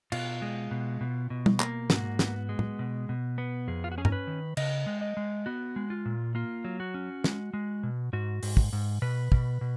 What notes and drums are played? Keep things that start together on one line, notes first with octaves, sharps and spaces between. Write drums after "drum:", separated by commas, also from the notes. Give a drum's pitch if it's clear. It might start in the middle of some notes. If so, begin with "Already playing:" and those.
B2 F4, drum: cymbal
G#3
B2
B2
B2
drum: tom
A#3, drum: clap
G#2 F#4, drum: snare
B3, drum: snare
G#3
drum: tom A2
B2
B2
B3
F2 G#4
F4
F#4
C#4 G#4
A#4, drum: tom G2
B4
D#3
C#3 D#5, drum: cymbal
G#3
D#5
G#3
B3 F#4
G#3
F4
A#2
A#3 F4
F#3
F#4
C#4
G#3, drum: snare
G#3
B2
G#2 F#4
G#2, drum: open hi-hat
drum: kick
G#2
B2 B4
B2, drum: kick
B2